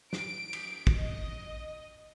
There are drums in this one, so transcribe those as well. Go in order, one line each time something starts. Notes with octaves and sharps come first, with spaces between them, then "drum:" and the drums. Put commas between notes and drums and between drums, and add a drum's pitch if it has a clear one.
D7, drum: snare
drum: cymbal
drum: kick
D#5